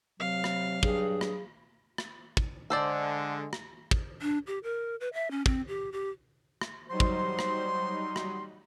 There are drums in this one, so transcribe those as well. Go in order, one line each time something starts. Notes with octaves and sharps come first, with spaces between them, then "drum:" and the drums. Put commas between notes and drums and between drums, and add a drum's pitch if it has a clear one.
C3 F#3 F5
drum: rim click
G2 G#4, drum: kick
drum: rim click
drum: rim click
drum: kick
D3 G#3 A4 C5 D5
drum: rim click
drum: kick
D4
G4
A#4
B4
E5
C#4
C4, drum: kick
G4
G4
drum: rim click
F#3 G3 D#4 C5 C6
drum: kick
drum: rim click
drum: rim click